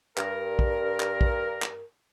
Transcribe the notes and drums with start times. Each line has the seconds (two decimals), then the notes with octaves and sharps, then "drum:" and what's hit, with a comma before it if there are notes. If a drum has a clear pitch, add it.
0.18 G2 A#4, drum: clap
0.59 drum: kick A#1
1.00 drum: clap
1.21 drum: kick A#1
1.62 drum: clap